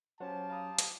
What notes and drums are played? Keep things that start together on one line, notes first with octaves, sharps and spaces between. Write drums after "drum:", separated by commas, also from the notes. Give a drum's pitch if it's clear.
F#3 C#4 F4 G4 C5 C#5 F#5 A5
F5 A#5 D#6
drum: hi-hat